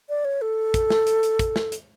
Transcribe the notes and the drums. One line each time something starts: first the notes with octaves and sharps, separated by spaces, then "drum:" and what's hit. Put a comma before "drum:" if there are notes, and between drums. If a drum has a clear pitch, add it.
D5
C#5
A4
drum: kick, hi-hat
drum: snare
drum: hi-hat
drum: hi-hat
drum: kick, hi-hat
drum: snare
drum: hi-hat